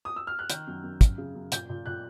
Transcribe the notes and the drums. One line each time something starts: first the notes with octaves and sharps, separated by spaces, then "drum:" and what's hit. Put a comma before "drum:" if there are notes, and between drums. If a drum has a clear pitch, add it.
D#6
E6
F6
F#6
D#3 G6, drum: hi-hat
F#2
F#2
F#2, drum: kick, hi-hat
C#3
F#2
A#2 G6, drum: hi-hat
A#2
A#2 F#6